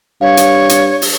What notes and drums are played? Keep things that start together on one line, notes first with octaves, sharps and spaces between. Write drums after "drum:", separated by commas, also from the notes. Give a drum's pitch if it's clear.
G2 C#5 F5
drum: hi-hat
drum: hi-hat
drum: open hi-hat